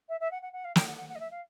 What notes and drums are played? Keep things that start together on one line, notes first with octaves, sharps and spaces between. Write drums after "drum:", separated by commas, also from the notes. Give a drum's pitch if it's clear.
E5
E5
F#5
F#5
F#5
F5
G5, drum: snare
F#5
F#5
F#5
D#5
E5
F5